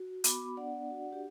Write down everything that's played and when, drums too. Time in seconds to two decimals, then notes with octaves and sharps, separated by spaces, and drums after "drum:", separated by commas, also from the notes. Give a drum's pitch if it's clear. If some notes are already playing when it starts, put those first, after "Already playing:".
Already playing: F#4
0.24 B3 B5 D6, drum: hi-hat
0.57 D4 D5 F#5
0.90 F#4
1.13 G4